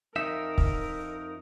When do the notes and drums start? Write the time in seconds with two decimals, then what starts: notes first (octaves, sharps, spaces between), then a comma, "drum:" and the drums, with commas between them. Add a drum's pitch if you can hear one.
0.16 F2 D#4 A#4 E5
0.58 drum: kick